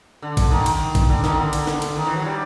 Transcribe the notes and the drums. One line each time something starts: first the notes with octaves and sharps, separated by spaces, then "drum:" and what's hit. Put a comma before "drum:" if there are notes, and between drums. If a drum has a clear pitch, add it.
D3
drum: kick, cymbal
D#3
drum: cymbal
drum: kick, cymbal
D3
D#3, drum: snare
D3
drum: cymbal
drum: snare
drum: cymbal
D#3
E3
F#3
G3